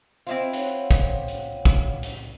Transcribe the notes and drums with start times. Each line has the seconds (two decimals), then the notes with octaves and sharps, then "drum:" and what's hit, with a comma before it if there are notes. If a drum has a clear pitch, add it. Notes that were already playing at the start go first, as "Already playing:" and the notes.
0.27 C4 E4 F4 C5 D#5
0.53 C#5 F5 F#5, drum: hi-hat
0.91 drum: kick, hi-hat
1.28 drum: hi-hat
1.65 drum: kick, hi-hat
2.03 drum: hi-hat